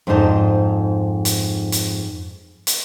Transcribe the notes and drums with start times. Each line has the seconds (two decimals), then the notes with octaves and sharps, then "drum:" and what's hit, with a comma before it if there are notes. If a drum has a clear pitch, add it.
0.07 F2 G#2 D4 D#4 C5 A5
1.25 drum: hi-hat
1.72 drum: hi-hat
2.67 drum: hi-hat